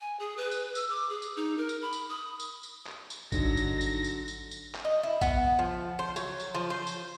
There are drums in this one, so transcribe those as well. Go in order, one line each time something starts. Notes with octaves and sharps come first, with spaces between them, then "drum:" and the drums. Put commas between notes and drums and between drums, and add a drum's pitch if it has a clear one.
G#5
G#4
B4
drum: tambourine
E6, drum: tambourine
D6
G#4
drum: tambourine
D#4
A#4
drum: tambourine
B5
drum: tambourine
D#6
drum: tambourine
drum: tambourine
drum: clap
drum: tambourine
G#1 G2 D3 F#3 D#4 A#6, drum: kick A1, tambourine
drum: tambourine
drum: tambourine
drum: tambourine
drum: tambourine
drum: tambourine
drum: clap
D#5
E4
B3, drum: kick A1, tambourine
F3
C5
F#3, drum: tambourine
drum: tambourine
F3
C5
drum: tambourine